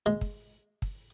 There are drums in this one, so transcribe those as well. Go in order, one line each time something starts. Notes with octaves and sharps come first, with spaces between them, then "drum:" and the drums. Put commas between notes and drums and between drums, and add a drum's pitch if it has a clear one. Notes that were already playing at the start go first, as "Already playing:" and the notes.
G#3
drum: kick
drum: kick